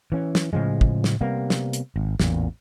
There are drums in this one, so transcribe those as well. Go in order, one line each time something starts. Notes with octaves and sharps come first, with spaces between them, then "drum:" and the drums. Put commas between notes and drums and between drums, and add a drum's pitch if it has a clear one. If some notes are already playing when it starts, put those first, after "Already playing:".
E3 C#4
drum: snare
A2 C#3 F3 G#3
drum: kick
drum: snare
C3 G3 A#3 B3
drum: snare
drum: hi-hat
G#1
A1 E2 A#2, drum: snare